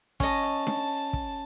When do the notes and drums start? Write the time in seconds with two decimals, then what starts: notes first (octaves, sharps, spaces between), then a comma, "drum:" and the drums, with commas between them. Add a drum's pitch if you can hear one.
0.20 C#4 D#5 A5, drum: kick, hi-hat
0.43 drum: hi-hat
0.67 drum: snare D4
1.13 drum: kick